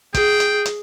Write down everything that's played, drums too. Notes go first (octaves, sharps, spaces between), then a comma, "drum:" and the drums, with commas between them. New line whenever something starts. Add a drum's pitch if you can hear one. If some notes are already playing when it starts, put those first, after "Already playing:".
G#4 G5, drum: kick, hi-hat
drum: hi-hat
drum: hi-hat